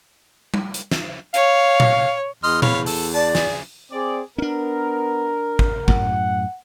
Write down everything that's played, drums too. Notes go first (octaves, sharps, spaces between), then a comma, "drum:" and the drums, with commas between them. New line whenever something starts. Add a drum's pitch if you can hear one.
drum: tom G3
drum: hi-hat
drum: snare
C#5 F5, drum: hi-hat
drum: tom A#2
E2 D#5 C6 F6
C#5 F5 B5, drum: tom A#2
A4, drum: open hi-hat
D5 A5
G#4, drum: snare
C4 G#4 D5
B3 C#4 D4 A#4
drum: kick
F#2 A2 F#5, drum: kick